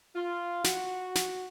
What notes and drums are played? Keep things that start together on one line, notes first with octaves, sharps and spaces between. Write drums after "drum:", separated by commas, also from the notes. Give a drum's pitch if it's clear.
F4
F#4, drum: snare
drum: snare